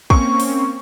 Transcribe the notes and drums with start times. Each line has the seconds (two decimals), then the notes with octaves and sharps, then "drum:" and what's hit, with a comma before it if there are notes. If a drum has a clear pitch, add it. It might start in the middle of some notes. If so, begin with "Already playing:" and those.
0.10 A#3 C4 C#4 C#6, drum: kick
0.40 drum: open hi-hat